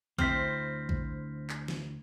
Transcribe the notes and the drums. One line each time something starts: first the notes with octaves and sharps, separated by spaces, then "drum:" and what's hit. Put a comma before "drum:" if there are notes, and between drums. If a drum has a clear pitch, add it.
D2 C4 E4 C5 F6 B6, drum: kick A#1
drum: kick A#1
drum: clap
drum: snare